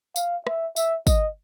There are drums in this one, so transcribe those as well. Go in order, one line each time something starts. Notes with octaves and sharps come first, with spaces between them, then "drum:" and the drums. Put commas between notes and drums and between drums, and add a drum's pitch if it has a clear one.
F5, drum: tambourine
E5, drum: rim click
E5, drum: tambourine
D#5, drum: kick, tambourine